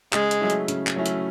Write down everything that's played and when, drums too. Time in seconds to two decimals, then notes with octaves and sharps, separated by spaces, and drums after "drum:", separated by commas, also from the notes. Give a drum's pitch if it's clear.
0.13 C#3 G#3, drum: clap
0.31 drum: hi-hat
0.41 F#3 A3 C#4 E4
0.50 drum: hi-hat
0.68 C#3, drum: hi-hat
0.87 drum: clap
0.96 F#3 A3 C#4 E4
1.06 drum: hi-hat